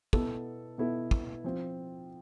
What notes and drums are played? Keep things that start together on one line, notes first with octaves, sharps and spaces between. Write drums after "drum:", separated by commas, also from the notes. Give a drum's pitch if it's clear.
B2 B3 E4 A4, drum: kick
B2 B3 E4 A4
drum: kick
F3 C4 F4